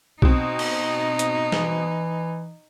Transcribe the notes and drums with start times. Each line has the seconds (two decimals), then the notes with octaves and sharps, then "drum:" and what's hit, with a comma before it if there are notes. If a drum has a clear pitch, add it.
0.22 B2 C4 D#4, drum: kick B1
0.59 drum: cymbal
1.19 drum: hi-hat
1.52 E3, drum: snare